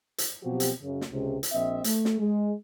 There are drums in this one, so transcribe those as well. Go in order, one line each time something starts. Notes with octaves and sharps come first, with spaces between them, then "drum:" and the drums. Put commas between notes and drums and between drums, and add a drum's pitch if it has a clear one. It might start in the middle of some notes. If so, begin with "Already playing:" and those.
drum: hi-hat
B2 F3 F#3 C4 F#4 G4
drum: hi-hat
F#2 C#3
drum: snare
C#2 C3
drum: hi-hat
A#1 C4 D#5 E5
A3, drum: hi-hat
drum: snare
G#3